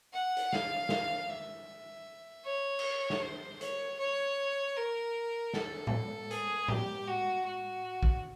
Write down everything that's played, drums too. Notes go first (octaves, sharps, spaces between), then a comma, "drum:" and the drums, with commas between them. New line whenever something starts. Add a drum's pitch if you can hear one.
F#5
drum: hi-hat
F5, drum: snare
drum: snare
E5
C#5
drum: cymbal
drum: snare
C5
C#5, drum: hi-hat
C#5
A#4
A4, drum: snare
drum: tom A2
G#4, drum: hi-hat
G4, drum: tom A2
F#4
F#4
drum: kick